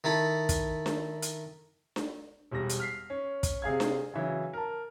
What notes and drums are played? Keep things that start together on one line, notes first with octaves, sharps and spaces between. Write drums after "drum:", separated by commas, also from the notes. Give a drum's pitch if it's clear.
D#3 E4 A4 B5
drum: kick, hi-hat
drum: snare D4
drum: hi-hat
drum: snare D4
E1 G3 A#6
drum: hi-hat
F6 B6 C7
C#4
drum: kick, hi-hat
C3 G#4 F5 G#6
drum: snare D4
C#3 E3 F#3
A#4 A5